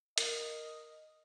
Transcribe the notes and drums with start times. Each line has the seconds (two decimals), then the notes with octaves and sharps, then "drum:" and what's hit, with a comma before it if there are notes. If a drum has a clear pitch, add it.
0.18 A#4 D#5, drum: hi-hat